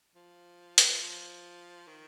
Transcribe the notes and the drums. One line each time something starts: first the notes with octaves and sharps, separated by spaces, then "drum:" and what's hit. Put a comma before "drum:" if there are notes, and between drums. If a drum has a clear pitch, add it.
F3
drum: hi-hat
F3
D#3